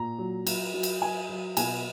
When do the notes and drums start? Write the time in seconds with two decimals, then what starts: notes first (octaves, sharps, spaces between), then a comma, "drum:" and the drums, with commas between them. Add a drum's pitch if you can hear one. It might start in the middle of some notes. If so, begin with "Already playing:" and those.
Already playing: A#2 A#5
0.19 F#3
0.47 F#3, drum: cymbal
0.74 F#3
0.83 drum: cymbal
1.02 F#3 G#5
1.29 F#3
1.57 B2 G#5, drum: cymbal